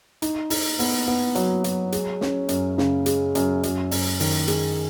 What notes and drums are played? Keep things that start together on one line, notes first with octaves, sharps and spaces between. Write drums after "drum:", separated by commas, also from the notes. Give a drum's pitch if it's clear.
D#4, drum: hi-hat
D#4, drum: open hi-hat
B3, drum: open hi-hat
B3
F#3, drum: hi-hat
F#3, drum: hi-hat
G#3, drum: hi-hat
C#4, drum: snare
F#2, drum: hi-hat
C#3, drum: snare
G#3, drum: hi-hat
F#2, drum: hi-hat
F#2, drum: hi-hat
F#2, drum: open hi-hat
D#3, drum: open hi-hat
G#3, drum: hi-hat